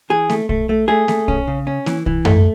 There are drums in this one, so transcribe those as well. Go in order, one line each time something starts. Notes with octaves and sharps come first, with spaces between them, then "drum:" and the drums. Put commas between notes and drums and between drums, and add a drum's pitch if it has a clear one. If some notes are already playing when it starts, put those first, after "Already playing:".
E3 G#4
A3, drum: snare A#3
A3, drum: kick
A3
A3 G#4
A3, drum: snare A#3
C#4, drum: kick
C#3
C#4
E3, drum: snare A#3
E3, drum: kick
A3, drum: tom F#2